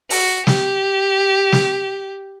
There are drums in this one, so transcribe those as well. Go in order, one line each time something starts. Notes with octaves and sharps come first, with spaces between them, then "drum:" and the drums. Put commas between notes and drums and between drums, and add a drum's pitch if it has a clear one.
F#4, drum: open hi-hat
G4, drum: snare
drum: snare